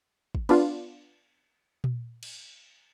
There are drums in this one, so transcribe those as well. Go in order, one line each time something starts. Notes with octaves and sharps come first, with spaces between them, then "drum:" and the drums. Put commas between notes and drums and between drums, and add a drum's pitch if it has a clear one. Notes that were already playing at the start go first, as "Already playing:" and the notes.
drum: kick
B3 D4 F4, drum: cymbal
drum: tom A#2
drum: cymbal